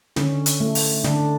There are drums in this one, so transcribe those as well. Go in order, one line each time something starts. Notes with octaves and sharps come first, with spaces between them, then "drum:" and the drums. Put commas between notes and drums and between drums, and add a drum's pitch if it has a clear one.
D3 C#4, drum: snare
drum: hi-hat
A3
drum: open hi-hat
D3 D4, drum: snare